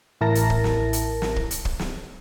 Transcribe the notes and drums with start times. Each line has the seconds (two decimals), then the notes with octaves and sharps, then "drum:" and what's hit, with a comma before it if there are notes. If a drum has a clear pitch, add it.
0.21 A1 E4 A#4 A5 A#6
0.35 drum: hi-hat
0.50 drum: kick
0.64 drum: snare
0.93 drum: hi-hat
1.22 drum: snare
1.36 drum: kick
1.51 drum: hi-hat
1.65 drum: kick
1.79 drum: snare